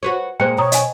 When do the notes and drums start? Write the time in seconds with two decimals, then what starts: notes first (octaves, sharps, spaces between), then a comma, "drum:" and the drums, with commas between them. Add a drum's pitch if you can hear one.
0.03 F#4 B4 C#5
0.40 A#2 G#3 A#3 C5 G5 C#7
0.58 B2 C#5 A#5 D#6
0.72 D#5 G#5, drum: hi-hat